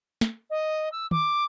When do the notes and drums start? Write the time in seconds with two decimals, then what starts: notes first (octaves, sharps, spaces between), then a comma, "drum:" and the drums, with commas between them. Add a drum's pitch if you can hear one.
0.21 drum: snare
0.50 D#5
0.92 E6
1.11 D6, drum: tom